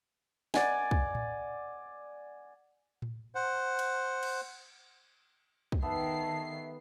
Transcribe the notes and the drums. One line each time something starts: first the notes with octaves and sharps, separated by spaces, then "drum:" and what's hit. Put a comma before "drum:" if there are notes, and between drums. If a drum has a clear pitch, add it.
D5 F#5 G#5, drum: snare
drum: kick
drum: tom A2
drum: tom A2
C5 F#5
drum: cymbal
drum: cymbal
drum: kick
D#3 B3 G4 A4 E5 A5 C7